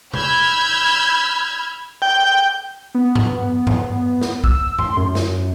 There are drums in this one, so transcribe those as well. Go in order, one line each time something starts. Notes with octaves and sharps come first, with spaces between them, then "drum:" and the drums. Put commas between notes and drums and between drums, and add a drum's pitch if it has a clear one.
B5 E6 F6 G6 G#6, drum: tom B2
G5
B3
drum: tom G2
drum: tom G2
drum: snare
E6, drum: kick C2
C6, drum: tom G2
F#2
drum: snare